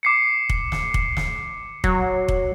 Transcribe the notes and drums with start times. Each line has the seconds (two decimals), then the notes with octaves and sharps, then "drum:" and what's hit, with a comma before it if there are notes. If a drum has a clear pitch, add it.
0.03 D6 C7 C#7
0.49 drum: kick
0.72 drum: snare
0.94 drum: kick
1.17 drum: snare
1.84 F#3, drum: kick
2.28 drum: kick